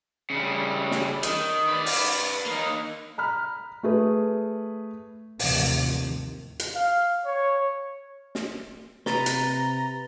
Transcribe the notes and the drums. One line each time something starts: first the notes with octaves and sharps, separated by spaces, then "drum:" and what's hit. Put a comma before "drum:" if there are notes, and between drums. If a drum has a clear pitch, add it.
C#3 G3
drum: snare
D#3, drum: hi-hat
B4 D5
drum: open hi-hat
A#3 D#4
A#5 B5 F6
A3 G#4 B4
A1 D#2 C3 D#3 F3, drum: open hi-hat
drum: hi-hat
F5
C#5
drum: snare
C3 B4 A#5 A6 G7, drum: snare
drum: hi-hat